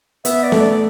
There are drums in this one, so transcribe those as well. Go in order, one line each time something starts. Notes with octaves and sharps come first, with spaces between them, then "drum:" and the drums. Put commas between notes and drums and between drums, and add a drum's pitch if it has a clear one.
B3 E5, drum: hi-hat
D5
A3, drum: snare C#4
D5